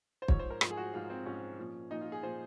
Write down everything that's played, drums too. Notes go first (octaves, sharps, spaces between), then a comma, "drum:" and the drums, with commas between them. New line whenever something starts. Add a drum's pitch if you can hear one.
C5
G#2 F3 C#5, drum: kick
C5
A#4
G#2 F3, drum: rim click
G#4
F#4
G#2 F3 F4
C4
G#2 F3 C#4
A#2 F3
A#2 F3 D#4
F4
G#4
A#2 F3 C5